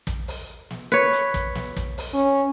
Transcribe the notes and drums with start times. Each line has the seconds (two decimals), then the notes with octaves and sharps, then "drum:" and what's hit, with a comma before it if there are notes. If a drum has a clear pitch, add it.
0.07 drum: kick, hi-hat
0.28 drum: open hi-hat
0.70 drum: snare
0.92 B4 C#5
1.13 drum: hi-hat
1.34 drum: kick, hi-hat
1.55 drum: snare
1.77 drum: kick, hi-hat
1.98 drum: open hi-hat
2.14 C#4